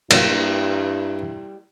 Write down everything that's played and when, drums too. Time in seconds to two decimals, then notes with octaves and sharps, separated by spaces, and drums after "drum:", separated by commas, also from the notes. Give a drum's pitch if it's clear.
0.11 A#1 G2 F#3 G3 A#3 E4 F5, drum: cymbal